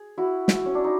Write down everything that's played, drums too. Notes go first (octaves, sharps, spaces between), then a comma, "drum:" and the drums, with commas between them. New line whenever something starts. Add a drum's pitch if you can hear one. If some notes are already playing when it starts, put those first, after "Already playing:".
Already playing: G#4
E4 F#4
drum: snare
C#4
D4
D#4